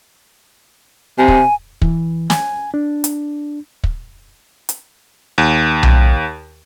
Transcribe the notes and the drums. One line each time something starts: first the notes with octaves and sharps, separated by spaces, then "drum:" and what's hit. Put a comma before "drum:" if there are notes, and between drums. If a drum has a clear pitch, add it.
C3 G#5
drum: kick
E3, drum: kick
G#5, drum: snare
D4
drum: hi-hat
drum: kick
drum: hi-hat
D#2
drum: tom B1